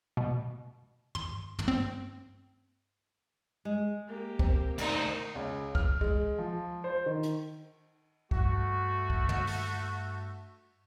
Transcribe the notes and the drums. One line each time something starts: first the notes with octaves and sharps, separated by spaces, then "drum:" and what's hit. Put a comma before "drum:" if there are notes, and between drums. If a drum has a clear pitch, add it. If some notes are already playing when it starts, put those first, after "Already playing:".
B2
C6, drum: tom
drum: tom
C4
G#3
A#3 G4
C4, drum: kick
D2 D#3 D#4 C5, drum: cymbal
C#2
F6, drum: kick
G#3, drum: kick
F3
C5
D#3
drum: hi-hat
G2 A3 F#4, drum: kick
drum: kick
drum: tom
drum: open hi-hat